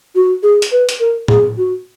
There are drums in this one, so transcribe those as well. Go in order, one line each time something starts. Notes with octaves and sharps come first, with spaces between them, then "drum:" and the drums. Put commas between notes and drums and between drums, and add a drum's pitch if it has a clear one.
F#4
G#4
drum: hi-hat
B4
drum: hi-hat
A#4
G#4, drum: tom
F#4